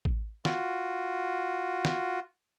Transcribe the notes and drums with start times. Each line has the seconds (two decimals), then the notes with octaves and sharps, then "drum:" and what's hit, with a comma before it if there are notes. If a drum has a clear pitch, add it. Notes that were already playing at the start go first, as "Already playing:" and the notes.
0.05 drum: kick A1
0.45 F4 F#4, drum: snare
1.85 drum: snare